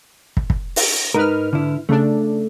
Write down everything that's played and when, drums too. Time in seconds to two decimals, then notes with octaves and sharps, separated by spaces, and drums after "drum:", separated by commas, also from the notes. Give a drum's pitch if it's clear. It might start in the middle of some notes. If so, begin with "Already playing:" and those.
0.37 drum: kick
0.50 drum: kick
0.76 drum: open hi-hat
1.14 G#2 D#4 A#4 B4 F6
1.53 D3 E4
1.89 C#3 A3 D4